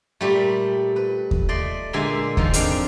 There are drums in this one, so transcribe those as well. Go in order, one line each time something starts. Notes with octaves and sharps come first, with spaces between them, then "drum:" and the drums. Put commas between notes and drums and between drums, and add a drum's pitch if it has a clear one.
A#2 G3 A3
B4
drum: kick D#2
A3 D5 D#5 C6
A#2 D3 G#3 E5 G#5
G#2 D#3 F3, drum: kick D#2
F2 G#3 D4 F5 G5, drum: hi-hat